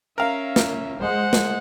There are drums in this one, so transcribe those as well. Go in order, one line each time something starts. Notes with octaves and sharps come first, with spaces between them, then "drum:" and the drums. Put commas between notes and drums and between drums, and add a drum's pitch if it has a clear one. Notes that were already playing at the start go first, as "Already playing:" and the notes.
C#4 A#4 E5 F5
drum: snare
G#3 C5 F#5
drum: snare